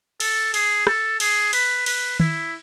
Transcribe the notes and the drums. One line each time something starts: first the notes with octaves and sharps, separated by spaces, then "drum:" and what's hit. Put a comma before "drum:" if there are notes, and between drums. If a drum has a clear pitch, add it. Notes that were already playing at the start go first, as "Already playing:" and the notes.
A4, drum: cymbal
G#4, drum: cymbal
A4, drum: rim click
G#4, drum: cymbal
B4, drum: cymbal
B4, drum: cymbal
E4, drum: tom D#3